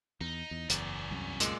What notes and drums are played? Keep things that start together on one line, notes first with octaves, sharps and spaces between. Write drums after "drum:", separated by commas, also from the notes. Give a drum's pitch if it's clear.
E2 D#4
E2
F#1 E2 C#4 D5, drum: hi-hat
C2 F#2
A#2 G#3 A4 D5, drum: hi-hat